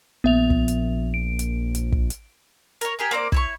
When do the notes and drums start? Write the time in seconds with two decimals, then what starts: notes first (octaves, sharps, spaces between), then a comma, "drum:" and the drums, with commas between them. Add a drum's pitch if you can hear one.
0.24 A#1 B3 E5 F7
0.50 drum: kick
0.68 drum: hi-hat
1.14 D7
1.39 drum: hi-hat
1.75 drum: hi-hat
1.92 drum: kick
2.10 drum: hi-hat
2.81 A#4 C#5, drum: hi-hat
2.99 G4 G#4 A#4
3.11 A#3 C4 C5 D5
3.32 E4 C#5 C#6, drum: kick